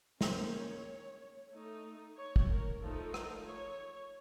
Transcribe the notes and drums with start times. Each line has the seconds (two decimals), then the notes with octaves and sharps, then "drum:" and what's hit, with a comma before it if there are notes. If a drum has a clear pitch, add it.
0.21 D#3 A#3 C#4 C5, drum: snare
0.54 C#5
1.52 A3 D#4
2.16 C#5
2.36 drum: kick
2.49 A#4
2.81 F3 A3 D#4 A4
3.14 A#4, drum: rim click
3.47 C#5